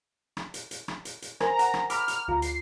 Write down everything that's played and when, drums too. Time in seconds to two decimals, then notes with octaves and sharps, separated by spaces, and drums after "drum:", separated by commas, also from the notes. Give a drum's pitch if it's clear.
0.37 drum: rim click
0.54 drum: hi-hat
0.71 drum: hi-hat
0.88 drum: rim click
1.05 drum: hi-hat
1.22 drum: hi-hat
1.40 A#4 C5 G#5 A#5, drum: rim click
1.59 F#5, drum: hi-hat
1.74 drum: rim click
1.90 A#5 B5 D6 F6, drum: hi-hat
2.08 drum: hi-hat
2.28 D2 F4 A#5
2.42 C7, drum: hi-hat